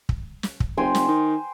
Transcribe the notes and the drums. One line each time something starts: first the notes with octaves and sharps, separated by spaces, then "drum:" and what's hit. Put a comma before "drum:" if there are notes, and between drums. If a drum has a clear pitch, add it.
drum: kick
drum: snare
drum: kick
F#1 C5 G5 G#5
drum: snare
D#3